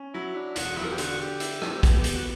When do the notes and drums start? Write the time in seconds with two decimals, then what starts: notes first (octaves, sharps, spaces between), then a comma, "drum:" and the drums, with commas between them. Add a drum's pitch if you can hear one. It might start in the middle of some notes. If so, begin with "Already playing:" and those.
Already playing: C#4
0.14 F#3 E4
0.35 D4
0.56 E1 F#4, drum: hi-hat
0.77 E4, drum: rim click
0.84 A#4
0.92 G4
0.98 D3 F#4, drum: hi-hat
1.20 G4
1.40 E4, drum: hi-hat
1.62 drum: rim click
1.83 B3, drum: kick A#1, hi-hat
2.04 drum: hi-hat
2.15 F#4